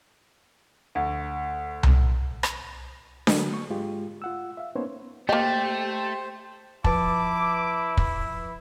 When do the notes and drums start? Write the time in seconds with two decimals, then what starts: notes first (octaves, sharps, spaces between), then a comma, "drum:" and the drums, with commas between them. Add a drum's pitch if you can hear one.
0.95 D2
1.83 drum: tom C2
2.43 drum: rim click
3.27 D3 F#3 A#3, drum: snare D4
3.54 C#6
3.69 G#2 G#3 F4 G4
4.22 F4 F#5 E6
4.57 E5 F5
4.75 A#3 B3 C#4 D#4 C5 C#5
5.29 A3 A#3 G4 C5 D#5
6.84 F3 E4 B4 A5 D6, drum: kick
7.97 drum: kick